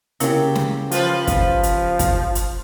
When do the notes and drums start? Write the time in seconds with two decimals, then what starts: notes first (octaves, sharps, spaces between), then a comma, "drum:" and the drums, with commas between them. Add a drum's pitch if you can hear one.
0.20 C#3 A#3 E4 G4 A#4, drum: hi-hat
0.55 drum: snare
0.91 F3 F4 B4 C5, drum: hi-hat
1.27 drum: kick, hi-hat
1.63 drum: hi-hat
1.99 drum: kick, hi-hat
2.35 drum: hi-hat